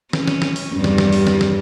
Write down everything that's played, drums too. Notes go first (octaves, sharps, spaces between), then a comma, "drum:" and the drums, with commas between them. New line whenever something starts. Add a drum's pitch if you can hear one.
C#4, drum: snare
drum: snare
drum: snare
drum: open hi-hat
E2 G2 G3
drum: snare
drum: snare
drum: open hi-hat
drum: snare
drum: snare